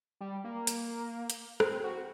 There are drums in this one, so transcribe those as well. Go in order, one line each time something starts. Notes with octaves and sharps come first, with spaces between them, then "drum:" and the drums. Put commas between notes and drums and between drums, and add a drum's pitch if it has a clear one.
G3
A#3
drum: hi-hat
drum: hi-hat
C4, drum: rim click
F#4